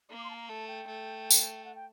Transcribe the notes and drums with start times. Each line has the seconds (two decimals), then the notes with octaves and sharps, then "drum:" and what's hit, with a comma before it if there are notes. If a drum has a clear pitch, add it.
0.10 A#3
0.18 D6
0.24 C6
0.30 A5
0.36 A#5
0.49 A3 A5
0.68 G5
0.87 A3
1.31 drum: tambourine
1.65 F#5
1.75 G5